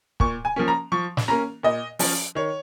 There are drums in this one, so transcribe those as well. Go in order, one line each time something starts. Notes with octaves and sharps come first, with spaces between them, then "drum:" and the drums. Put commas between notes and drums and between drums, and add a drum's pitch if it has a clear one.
A#2 C#6, drum: kick
G#5
F3 A#3 C#4
A#5
F3 C#6
drum: snare
A#3 C#4 A#5
A#2 D#5
F3 C#4, drum: open hi-hat
D#3 C#5